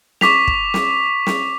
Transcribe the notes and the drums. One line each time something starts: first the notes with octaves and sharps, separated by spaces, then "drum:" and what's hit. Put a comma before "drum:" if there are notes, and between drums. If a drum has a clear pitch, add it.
C#6 D6 B6 F7, drum: snare
drum: kick
drum: snare
drum: snare